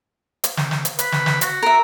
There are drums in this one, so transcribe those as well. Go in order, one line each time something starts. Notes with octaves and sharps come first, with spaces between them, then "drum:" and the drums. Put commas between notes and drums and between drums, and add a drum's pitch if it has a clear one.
drum: hi-hat
drum: snare
drum: snare
drum: hi-hat
B4, drum: hi-hat
drum: snare
drum: snare
F#4, drum: hi-hat
A#4 E5